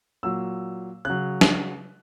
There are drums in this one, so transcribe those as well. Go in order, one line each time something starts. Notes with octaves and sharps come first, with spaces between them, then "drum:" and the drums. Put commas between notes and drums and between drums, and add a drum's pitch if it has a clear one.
A#2 F#3 E6
C#3 F#3 F#6
drum: snare